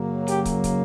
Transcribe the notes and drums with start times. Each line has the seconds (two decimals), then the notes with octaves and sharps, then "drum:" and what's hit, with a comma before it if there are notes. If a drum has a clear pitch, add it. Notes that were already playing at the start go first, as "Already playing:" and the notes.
Already playing: F#2 C#3 F#3 A#3
0.28 G4, drum: hi-hat
0.45 drum: kick, hi-hat
0.64 drum: kick, hi-hat